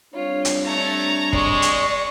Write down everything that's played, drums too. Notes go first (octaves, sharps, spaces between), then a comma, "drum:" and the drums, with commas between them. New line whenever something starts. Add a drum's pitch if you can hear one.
G3 C4 D4 F4 C#5
drum: hi-hat
A3 C#5 A#5 A6
G#3 D5 C#6, drum: kick
drum: hi-hat